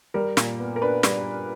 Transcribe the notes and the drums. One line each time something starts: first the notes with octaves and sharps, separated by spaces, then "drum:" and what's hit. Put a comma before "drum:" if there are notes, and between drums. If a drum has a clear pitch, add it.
G3 A#4
A#2, drum: snare
B3
A#4
D4 B4
G3, drum: snare